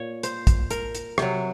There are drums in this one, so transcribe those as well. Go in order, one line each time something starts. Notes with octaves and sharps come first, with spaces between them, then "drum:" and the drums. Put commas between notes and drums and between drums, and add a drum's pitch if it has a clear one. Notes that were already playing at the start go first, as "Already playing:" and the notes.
Already playing: A#2 C#5
C5, drum: hi-hat
drum: kick, hi-hat
A#4, drum: hi-hat
drum: hi-hat
C3 F#3, drum: rim click